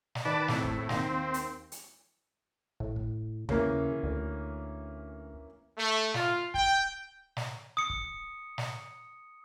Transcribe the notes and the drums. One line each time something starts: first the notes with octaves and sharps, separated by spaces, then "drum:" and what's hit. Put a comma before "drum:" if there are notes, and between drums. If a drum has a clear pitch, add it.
drum: snare
D#3 B4 D5 A5 D6
E2 A2 C4 B6, drum: snare
drum: kick
D#2 C4 F5 A#6, drum: snare
drum: hi-hat
drum: hi-hat
A2, drum: kick
drum: kick
C#3 E3 A#3 C#4, drum: tom D#2
D2
A3
F4, drum: snare
G5, drum: kick
drum: snare
D#6 C#7
drum: kick
drum: snare